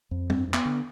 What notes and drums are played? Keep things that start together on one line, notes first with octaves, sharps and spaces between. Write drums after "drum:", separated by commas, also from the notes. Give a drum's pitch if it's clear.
F2
G2 C4, drum: tom
G2
B3, drum: clap
D3